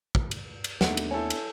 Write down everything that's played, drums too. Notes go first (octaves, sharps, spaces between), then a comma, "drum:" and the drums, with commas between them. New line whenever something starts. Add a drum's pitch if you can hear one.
drum: kick
drum: cymbal
drum: cymbal
D#2 D#3 A3 B3 D4 F#5, drum: snare
drum: cymbal
E4 A4 C#5 G#5
drum: cymbal